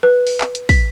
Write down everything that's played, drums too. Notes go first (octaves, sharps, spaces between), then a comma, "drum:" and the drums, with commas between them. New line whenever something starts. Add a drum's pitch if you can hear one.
B4
drum: open hi-hat
drum: clap
drum: hi-hat
B6, drum: kick, open hi-hat